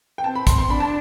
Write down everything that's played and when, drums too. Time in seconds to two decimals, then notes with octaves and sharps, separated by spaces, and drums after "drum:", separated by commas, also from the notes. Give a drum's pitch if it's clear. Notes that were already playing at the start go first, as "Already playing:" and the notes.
0.18 G5
0.23 C4 A5
0.35 B5
0.47 C6, drum: kick, hi-hat
0.58 C6
0.70 D4 B5
0.80 A5